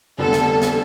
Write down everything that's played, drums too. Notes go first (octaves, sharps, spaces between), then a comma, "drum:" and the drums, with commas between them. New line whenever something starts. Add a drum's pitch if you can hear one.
F1 F2 D3 G3 B3 A4
drum: snare
drum: snare